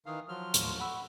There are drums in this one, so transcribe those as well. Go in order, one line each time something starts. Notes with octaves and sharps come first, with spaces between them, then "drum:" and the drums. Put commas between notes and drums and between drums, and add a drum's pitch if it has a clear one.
D#3 E3 F5 D#6
F3 F#3 C6 F6
D#2 A2 C#6, drum: hi-hat
F#5 B5 C#6 E6